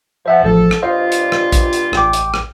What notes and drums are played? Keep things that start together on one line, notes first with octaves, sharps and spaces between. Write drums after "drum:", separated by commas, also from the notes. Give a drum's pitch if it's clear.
F3 C5 E5 F#5
A1 F3 A4
drum: rim click
G2 A#2 F4 C5 D#5 F5
drum: hi-hat
drum: rim click
drum: kick, hi-hat
drum: hi-hat
A1 G5 D6, drum: rim click
drum: hi-hat
drum: rim click